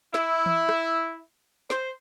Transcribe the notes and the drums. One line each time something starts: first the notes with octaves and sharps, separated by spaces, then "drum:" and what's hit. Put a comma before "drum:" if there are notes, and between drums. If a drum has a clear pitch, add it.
E4, drum: snare
drum: tom E3
drum: rim click
C5, drum: snare